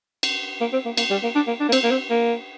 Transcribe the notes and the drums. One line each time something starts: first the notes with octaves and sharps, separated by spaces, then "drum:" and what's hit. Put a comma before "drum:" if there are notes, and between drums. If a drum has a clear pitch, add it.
drum: cymbal
A#3
C4
A#3
A#3, drum: cymbal
G3
A#3
D4
A#3
D4
A#3
C4, drum: cymbal
A#3
C4
A#3